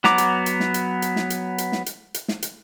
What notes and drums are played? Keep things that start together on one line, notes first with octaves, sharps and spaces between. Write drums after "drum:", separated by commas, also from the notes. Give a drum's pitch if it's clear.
F#3 B3 A#5 D6, drum: snare
drum: hi-hat
drum: hi-hat
drum: snare
drum: hi-hat
drum: hi-hat
drum: snare
drum: hi-hat
drum: hi-hat
drum: snare
drum: hi-hat
drum: hi-hat
drum: snare
drum: hi-hat